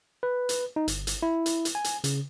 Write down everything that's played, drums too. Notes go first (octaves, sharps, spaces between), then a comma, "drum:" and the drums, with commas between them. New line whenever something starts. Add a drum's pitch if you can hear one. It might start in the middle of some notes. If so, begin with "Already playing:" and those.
B4
drum: hi-hat
D#4
G1, drum: hi-hat
drum: hi-hat
E4
drum: hi-hat
drum: hi-hat
G#5
drum: hi-hat
C#3, drum: hi-hat